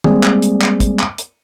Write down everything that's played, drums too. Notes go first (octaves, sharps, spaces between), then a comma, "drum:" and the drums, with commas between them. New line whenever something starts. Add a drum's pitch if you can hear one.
G3 G#3 A#3 C4 G#4 D5, drum: tom
drum: clap
drum: hi-hat
drum: clap
drum: kick, hi-hat
drum: clap
drum: hi-hat